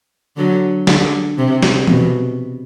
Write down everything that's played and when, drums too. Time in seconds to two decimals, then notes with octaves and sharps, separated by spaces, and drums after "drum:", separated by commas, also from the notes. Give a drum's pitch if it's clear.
0.37 D3 F#3
0.87 D3, drum: snare
1.38 C3
1.63 drum: snare
1.87 B2, drum: tom E3